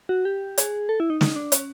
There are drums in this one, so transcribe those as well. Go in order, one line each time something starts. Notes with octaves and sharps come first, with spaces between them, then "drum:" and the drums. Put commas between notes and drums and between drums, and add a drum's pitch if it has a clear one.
F#4
G4
G#4, drum: hi-hat
A4
E4
D#4
D#4, drum: snare
D4
C#4, drum: hi-hat